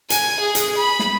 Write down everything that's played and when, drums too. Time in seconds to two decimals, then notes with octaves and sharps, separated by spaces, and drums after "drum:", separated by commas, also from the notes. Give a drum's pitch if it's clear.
0.10 G#5, drum: hi-hat
0.40 G#4
0.55 drum: hi-hat
0.77 B5
0.99 drum: snare